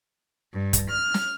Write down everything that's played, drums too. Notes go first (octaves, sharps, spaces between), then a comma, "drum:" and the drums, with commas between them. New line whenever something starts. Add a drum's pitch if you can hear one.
G2
drum: kick, hi-hat
F6
drum: snare